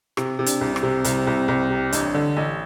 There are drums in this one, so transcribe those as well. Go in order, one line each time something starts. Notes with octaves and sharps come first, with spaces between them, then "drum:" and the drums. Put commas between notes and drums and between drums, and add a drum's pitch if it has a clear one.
C3, drum: rim click
C3
D4, drum: hi-hat
C2
C4, drum: rim click
C3
C2, drum: hi-hat
C2
C2
C3
A1 D4, drum: hi-hat
D3
A1